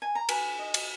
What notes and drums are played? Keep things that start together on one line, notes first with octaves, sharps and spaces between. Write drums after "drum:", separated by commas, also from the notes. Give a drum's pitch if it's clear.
G#5
A#5
B4 G#5 B5, drum: cymbal
D#5
drum: cymbal